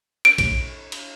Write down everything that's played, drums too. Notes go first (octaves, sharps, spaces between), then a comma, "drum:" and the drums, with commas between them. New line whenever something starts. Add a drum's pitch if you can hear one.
D7
drum: kick A1, cymbal
drum: cymbal